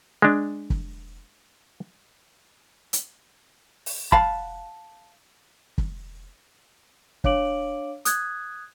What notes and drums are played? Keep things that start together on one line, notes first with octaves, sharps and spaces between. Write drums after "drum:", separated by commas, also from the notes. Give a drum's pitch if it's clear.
G#3 D4
drum: kick
drum: hi-hat
drum: open hi-hat
F5 F#5 A5 B5, drum: kick
drum: kick
D4 C#5 F5 D6 D7 F#7, drum: kick
D#6 F#6 G#6, drum: hi-hat